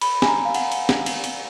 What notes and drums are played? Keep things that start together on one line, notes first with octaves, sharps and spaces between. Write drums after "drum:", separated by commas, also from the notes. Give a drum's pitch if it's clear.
B5, drum: cymbal
G#5, drum: snare C4
A#5
F5
F#5, drum: cymbal
drum: cymbal
drum: snare C4
drum: cymbal
drum: cymbal